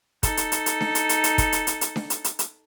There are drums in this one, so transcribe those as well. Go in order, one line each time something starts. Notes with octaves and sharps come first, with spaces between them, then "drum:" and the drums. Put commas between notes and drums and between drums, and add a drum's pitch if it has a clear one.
D#4 A4, drum: kick, hi-hat
drum: hi-hat
drum: hi-hat
drum: hi-hat
drum: snare D4
drum: hi-hat
drum: hi-hat
drum: hi-hat
drum: kick, hi-hat
drum: hi-hat
drum: hi-hat
drum: hi-hat
drum: snare D4
drum: hi-hat
drum: hi-hat
drum: hi-hat